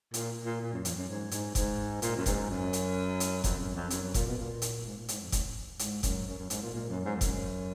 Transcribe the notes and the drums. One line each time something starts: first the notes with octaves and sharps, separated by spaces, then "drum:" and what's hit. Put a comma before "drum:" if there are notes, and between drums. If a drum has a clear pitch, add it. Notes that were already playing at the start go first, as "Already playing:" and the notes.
A#2, drum: hi-hat
A#2
A#2
F#2
F2, drum: hi-hat
F#2
G#2
G#2, drum: hi-hat
G#2, drum: kick F1, hi-hat
A#2, drum: hi-hat
F#2
G#2, drum: kick F1, hi-hat
F#2
drum: hi-hat
drum: hi-hat
F2, drum: kick F1, hi-hat
F#2
F2
F#2, drum: hi-hat
F#2
A#2, drum: kick F1, hi-hat
B2
A#2
drum: hi-hat
G#2
A#2
G#2, drum: hi-hat
F2
drum: kick F1, hi-hat
G#2, drum: hi-hat
F#2, drum: kick F1, hi-hat
F#2
F#2
G#2, drum: hi-hat
A#2
A#2
F#2
G#2
F2
F#2, drum: kick F1, hi-hat